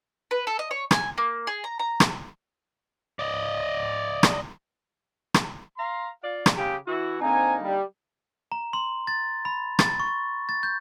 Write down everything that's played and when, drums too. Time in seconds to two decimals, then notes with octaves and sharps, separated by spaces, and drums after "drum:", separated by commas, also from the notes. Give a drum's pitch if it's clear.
0.31 B4
0.47 A4
0.59 D#5
0.71 C#5
0.91 G#5, drum: rim click
1.18 A#3
1.47 G#4
1.64 A#5
1.79 A#5
2.00 drum: rim click
3.19 D5 D#5
4.23 drum: rim click
5.34 drum: rim click
5.77 F5 A#5 C6
6.23 F4 D5 F5
6.46 drum: rim click
6.57 C#3 G4
6.87 E3 E4 F#4
7.22 D3 A#3 C4 D#4 G#5 A#5
7.62 G3
8.52 A#5
8.73 C6
9.07 A6
9.45 B5
9.79 A6, drum: rim click
10.00 C#6
10.49 A6
10.63 G6